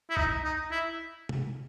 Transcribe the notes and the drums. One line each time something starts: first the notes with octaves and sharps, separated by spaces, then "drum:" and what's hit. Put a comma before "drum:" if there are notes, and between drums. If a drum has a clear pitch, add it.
E4
D#4, drum: kick C2
D#4
E4
drum: tom